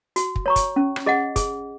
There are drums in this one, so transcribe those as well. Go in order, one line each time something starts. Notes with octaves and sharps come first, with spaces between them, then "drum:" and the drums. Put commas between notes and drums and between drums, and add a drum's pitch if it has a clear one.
F#4, drum: hi-hat
drum: kick
C#5 A#5 C#6
drum: kick, hi-hat
C#4
drum: rim click
G#4 D#5 F#5
G#4, drum: kick, hi-hat